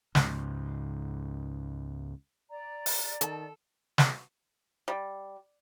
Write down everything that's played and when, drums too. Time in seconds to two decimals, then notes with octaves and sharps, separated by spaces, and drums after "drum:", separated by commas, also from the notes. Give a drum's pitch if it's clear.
0.15 C#2 G#2, drum: snare
2.50 D5 A#5
2.86 drum: open hi-hat
3.21 D#3 A4, drum: hi-hat
3.98 drum: snare
4.88 G3